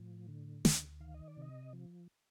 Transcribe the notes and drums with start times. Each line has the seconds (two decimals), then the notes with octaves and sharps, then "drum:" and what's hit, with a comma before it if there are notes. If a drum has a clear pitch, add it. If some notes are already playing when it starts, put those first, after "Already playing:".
Already playing: A2 F3
0.28 D3
0.65 D2, drum: snare
1.00 D#3 F5
1.14 D#5
1.28 D5
1.37 C3 D#5
1.73 F3